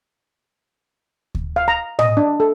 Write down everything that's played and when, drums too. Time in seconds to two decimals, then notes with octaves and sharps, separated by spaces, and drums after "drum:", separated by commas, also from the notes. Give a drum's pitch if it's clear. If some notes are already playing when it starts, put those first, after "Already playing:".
1.35 drum: kick D2
1.56 F5
1.68 A#5
1.99 D#5, drum: tom A2
2.17 D4
2.40 A4